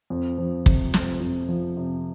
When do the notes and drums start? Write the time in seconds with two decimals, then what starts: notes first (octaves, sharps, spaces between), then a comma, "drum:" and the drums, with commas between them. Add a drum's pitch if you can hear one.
0.10 F2
0.38 F3
0.66 C3, drum: kick
0.94 F2, drum: snare
1.21 F2
1.49 F3
1.77 C3